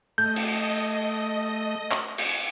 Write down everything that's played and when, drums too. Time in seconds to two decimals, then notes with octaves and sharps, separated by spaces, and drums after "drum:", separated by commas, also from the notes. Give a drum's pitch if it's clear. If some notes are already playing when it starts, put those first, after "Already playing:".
0.18 A3 D#5 G6
0.36 drum: cymbal
1.91 drum: clap
2.18 drum: cymbal